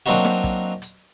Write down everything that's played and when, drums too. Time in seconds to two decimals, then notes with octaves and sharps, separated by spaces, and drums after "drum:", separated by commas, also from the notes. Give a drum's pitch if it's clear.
0.06 F#3 A#3 C4 D4 D#4 F#4, drum: hi-hat
0.25 drum: snare
0.44 drum: kick, hi-hat
0.82 drum: hi-hat